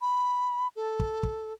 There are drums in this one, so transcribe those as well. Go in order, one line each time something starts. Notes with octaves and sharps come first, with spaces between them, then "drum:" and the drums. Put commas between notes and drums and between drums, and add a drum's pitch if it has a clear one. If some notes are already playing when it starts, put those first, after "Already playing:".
B5
A4
drum: kick
drum: kick